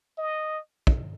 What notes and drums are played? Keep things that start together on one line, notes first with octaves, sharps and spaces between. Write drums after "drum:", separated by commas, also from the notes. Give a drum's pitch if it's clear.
D#5
drum: kick